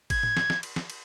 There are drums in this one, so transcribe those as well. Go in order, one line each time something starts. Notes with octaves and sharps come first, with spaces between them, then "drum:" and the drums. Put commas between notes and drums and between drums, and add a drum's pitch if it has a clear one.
G#6, drum: kick, cymbal
drum: tom A2
drum: snare
drum: snare
drum: cymbal
drum: snare
drum: cymbal